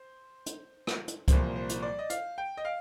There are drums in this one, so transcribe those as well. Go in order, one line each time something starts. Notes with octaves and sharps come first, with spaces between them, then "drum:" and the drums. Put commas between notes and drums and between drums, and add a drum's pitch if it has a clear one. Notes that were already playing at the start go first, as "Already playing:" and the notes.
Already playing: C5
drum: hi-hat
drum: rim click
drum: hi-hat
C2 A#2 F3 A#3 C5, drum: kick C#2, hi-hat
C5
drum: hi-hat
D5
D#5
F5, drum: hi-hat
G5
D#5
F5